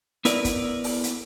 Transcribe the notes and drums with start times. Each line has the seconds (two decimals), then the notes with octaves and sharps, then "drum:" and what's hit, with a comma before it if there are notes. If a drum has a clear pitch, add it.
0.25 B3 E4 A#4 B4 D5, drum: hi-hat
0.45 drum: kick, hi-hat
0.84 drum: open hi-hat
1.04 drum: hi-hat